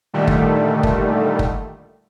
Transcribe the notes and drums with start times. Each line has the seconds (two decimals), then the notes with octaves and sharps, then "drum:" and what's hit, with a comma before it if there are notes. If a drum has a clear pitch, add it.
0.14 A#2 D3 D#3 G3 A3
0.27 drum: kick
0.83 drum: kick
1.39 drum: kick